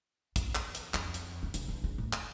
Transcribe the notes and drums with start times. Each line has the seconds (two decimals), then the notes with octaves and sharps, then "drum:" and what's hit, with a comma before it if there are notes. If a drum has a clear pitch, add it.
0.36 E2, drum: kick, hi-hat
0.55 drum: clap
0.75 drum: hi-hat
0.94 F2, drum: clap
1.14 drum: hi-hat
1.43 D3
1.54 C#3, drum: hi-hat
1.68 D3
1.84 C#3
1.98 A2
2.13 drum: clap